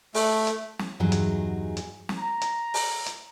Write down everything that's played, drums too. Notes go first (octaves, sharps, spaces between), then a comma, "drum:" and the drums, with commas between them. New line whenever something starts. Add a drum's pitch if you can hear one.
A3, drum: open hi-hat
drum: hi-hat
drum: snare
E2 G2 F#3 D#4 G#4
drum: hi-hat
drum: hi-hat
drum: snare
A#5
drum: hi-hat
drum: open hi-hat
drum: hi-hat